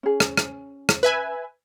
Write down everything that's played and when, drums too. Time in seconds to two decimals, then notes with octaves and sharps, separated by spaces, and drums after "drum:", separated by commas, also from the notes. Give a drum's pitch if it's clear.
0.03 C#4 G#4
0.20 drum: rim click
0.37 drum: rim click
0.89 drum: rim click
1.03 B4 E5 G#5